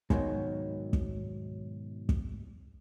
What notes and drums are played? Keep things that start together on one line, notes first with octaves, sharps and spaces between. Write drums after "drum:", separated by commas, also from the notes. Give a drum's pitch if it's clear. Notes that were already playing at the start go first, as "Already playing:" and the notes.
G#2 B2 D#3 E3 F#3, drum: kick
drum: kick
drum: kick